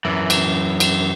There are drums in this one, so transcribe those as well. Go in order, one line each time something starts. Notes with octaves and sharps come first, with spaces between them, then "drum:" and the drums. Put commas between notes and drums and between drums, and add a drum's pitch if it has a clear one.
F#2 E3
drum: cymbal
drum: cymbal